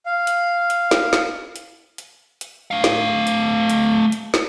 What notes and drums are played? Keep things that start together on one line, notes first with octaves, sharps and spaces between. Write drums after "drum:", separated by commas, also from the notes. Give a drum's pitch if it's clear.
F5
drum: hi-hat
drum: hi-hat
drum: snare
drum: snare
drum: hi-hat
drum: hi-hat
drum: hi-hat
A3 F5
drum: snare
drum: hi-hat
drum: hi-hat
drum: hi-hat
drum: snare